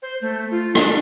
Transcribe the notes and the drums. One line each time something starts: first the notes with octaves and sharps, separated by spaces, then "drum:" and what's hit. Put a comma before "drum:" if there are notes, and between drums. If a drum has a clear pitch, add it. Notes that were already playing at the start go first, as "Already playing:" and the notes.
C5
A3
F4
D4, drum: rim click